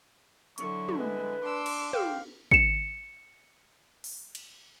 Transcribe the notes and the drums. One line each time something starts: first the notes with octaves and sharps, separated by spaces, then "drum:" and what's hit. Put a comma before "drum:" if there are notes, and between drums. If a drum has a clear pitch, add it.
D3 F#3 E4 C#6, drum: hi-hat
drum: tom
G#3 B4
D4 C6 D6 E6
drum: cymbal
F5 G5, drum: tom
C#7 E7, drum: kick
drum: open hi-hat
drum: cymbal